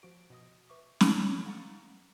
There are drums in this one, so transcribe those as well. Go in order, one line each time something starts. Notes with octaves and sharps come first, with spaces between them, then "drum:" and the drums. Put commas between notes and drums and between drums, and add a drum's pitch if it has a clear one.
F3 F#4 D7
B2 D#5 D#6
B4 E5 C#6 D6
drum: snare
G4
F5 F#5 A#5 C#6 A6 C#7